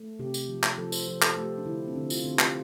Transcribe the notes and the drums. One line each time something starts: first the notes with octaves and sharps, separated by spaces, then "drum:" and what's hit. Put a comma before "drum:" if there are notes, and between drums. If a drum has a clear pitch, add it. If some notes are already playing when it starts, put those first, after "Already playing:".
Already playing: A3
C3 G4
drum: tambourine
F3
drum: clap
F3 A4
C5, drum: tambourine
F3 C5
A4, drum: clap
A3 G4
D4
D3 E4
C4
D3 D4
F4, drum: tambourine
D3 C4
G4
F4, drum: clap